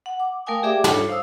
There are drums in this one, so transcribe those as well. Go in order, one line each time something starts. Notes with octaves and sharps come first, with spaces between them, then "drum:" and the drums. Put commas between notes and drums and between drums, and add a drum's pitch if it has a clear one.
F#5
D6
A3 A#4 F5 G5 G#5 D#6
G4 G#4 D5 E5 G5 D6
D4 D#4 F4 A4 C#5, drum: snare
C5 F5 D#6 E6